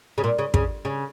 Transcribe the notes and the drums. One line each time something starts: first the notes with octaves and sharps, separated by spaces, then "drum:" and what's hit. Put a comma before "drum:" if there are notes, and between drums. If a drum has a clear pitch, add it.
C#3
A#2
C#3
C#3, drum: kick
C#3